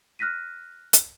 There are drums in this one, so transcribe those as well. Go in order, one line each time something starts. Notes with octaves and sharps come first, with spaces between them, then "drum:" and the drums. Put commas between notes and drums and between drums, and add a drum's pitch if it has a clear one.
F6 F#6 A#6 B6 D#7
drum: hi-hat